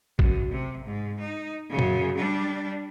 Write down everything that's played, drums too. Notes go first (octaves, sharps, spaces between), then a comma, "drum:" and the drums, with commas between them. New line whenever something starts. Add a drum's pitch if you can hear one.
F#2, drum: kick
C3
G#2
D#4
F#2 C#3
drum: tom A#2
G3 D4